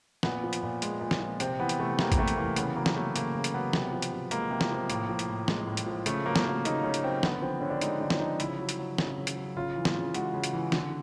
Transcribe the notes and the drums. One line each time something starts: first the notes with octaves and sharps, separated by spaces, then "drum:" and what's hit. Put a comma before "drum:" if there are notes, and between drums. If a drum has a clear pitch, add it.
A#2 B3, drum: snare
F3
drum: hi-hat
A#2
G#3, drum: hi-hat
A#2
drum: snare
F3
C3 C4, drum: hi-hat
E3 B3
drum: hi-hat
C3 A3
G3 A#3, drum: snare
A#3, drum: kick, hi-hat
C3 A3
drum: hi-hat
E3 A#3
C#3 B3, drum: hi-hat
F#3 A#3
drum: snare
F#3 A3
C#3 A#3, drum: hi-hat
C#3
drum: hi-hat
F#3 B3
C3, drum: snare
F3
drum: hi-hat
C3
G#3 A#3, drum: hi-hat
C3
drum: snare
F3
A2 A#3, drum: hi-hat
F3
drum: hi-hat
A2
G#3, drum: snare
A2
drum: hi-hat
F3
C#3 A3, drum: hi-hat
F#3 A#3
drum: snare
F#3 A#3
C#3 D#4, drum: hi-hat
C#3 C#4
drum: hi-hat
F#3 C4
D3 B3, drum: snare
F3 C4
D3 C#4
D4
G#3 D#4, drum: hi-hat
D3 D4
drum: snare
F3 D#4
C#3 E4, drum: hi-hat
F#3
drum: hi-hat
F#3
C#3, drum: snare
C#3
drum: hi-hat
F#3
C#3 F4
E3
F4, drum: snare
C#3
G#3 F#4, drum: hi-hat
C#3
drum: hi-hat
E3
D3, drum: snare